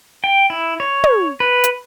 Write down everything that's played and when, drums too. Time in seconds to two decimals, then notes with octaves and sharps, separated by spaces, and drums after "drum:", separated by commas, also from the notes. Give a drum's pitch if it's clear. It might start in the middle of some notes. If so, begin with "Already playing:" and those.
0.24 G5
0.50 E4
0.80 C#5
1.04 drum: tom
1.40 B4
1.64 drum: hi-hat